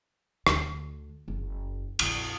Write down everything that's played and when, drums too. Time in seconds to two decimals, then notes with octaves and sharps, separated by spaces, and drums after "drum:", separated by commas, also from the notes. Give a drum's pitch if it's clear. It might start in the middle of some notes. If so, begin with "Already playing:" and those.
0.47 D2 D3, drum: rim click
1.28 F#1
1.99 A#1 F2, drum: cymbal